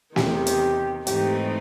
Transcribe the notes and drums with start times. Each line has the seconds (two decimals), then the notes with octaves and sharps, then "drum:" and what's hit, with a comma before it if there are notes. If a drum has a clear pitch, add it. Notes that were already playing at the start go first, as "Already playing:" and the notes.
0.16 E2 C3 D#3 G4, drum: snare
0.47 drum: hi-hat
1.07 G#2 E3 A3 C4 D#4 G4, drum: hi-hat